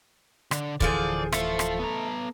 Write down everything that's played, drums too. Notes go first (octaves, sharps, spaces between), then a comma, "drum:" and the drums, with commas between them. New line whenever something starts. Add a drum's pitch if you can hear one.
D3, drum: rim click
D1 D3 E3 F3 G#4 D5, drum: kick
A3 F4 C5, drum: rim click
drum: rim click
B3 A#5